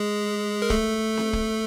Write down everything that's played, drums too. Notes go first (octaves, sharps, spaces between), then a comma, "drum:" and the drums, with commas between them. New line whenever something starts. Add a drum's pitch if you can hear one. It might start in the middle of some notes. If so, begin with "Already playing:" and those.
Already playing: G#3 G#4
A#4
A3 A4, drum: kick
drum: snare C4
drum: kick